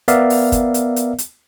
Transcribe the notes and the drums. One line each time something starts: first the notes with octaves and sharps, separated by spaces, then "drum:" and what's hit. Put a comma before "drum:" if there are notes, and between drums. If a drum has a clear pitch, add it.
B3 A#4 D5 E5 F5, drum: hi-hat
drum: open hi-hat
drum: kick, hi-hat
drum: hi-hat
drum: hi-hat
drum: hi-hat